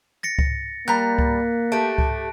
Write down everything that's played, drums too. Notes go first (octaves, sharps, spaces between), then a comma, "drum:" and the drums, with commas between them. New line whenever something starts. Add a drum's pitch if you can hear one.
A6 A#6 C#7
drum: kick C#2
G3 A#3 A#5 F#6 B6
drum: kick C#2
A3 G4 A5 D7
drum: kick C#2